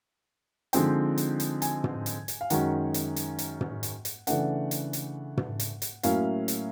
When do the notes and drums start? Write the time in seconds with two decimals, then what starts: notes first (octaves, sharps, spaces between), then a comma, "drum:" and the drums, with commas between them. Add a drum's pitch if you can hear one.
0.73 D3 F3 G#3 C4 D#4 G5, drum: hi-hat
1.18 drum: hi-hat
1.40 drum: hi-hat
1.62 G#5, drum: hi-hat
1.84 drum: tom
2.06 drum: hi-hat
2.28 drum: hi-hat
2.41 F5
2.50 F#2 D#3 G#3 C#4 F#5, drum: hi-hat
2.94 drum: hi-hat
3.16 drum: hi-hat
3.39 drum: hi-hat
3.61 drum: tom
3.83 drum: hi-hat
4.05 drum: hi-hat
4.27 C#3 E3 A3 D4 F#5, drum: hi-hat
4.71 drum: hi-hat
4.93 drum: hi-hat
5.37 drum: tom
5.60 drum: hi-hat
5.82 drum: hi-hat
6.03 A2 F#3 A#3 C#4 E4 F5, drum: hi-hat
6.48 drum: hi-hat